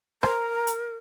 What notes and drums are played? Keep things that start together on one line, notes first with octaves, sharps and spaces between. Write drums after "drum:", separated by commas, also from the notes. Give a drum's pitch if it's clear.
A#4 C5 A#5, drum: rim click
drum: hi-hat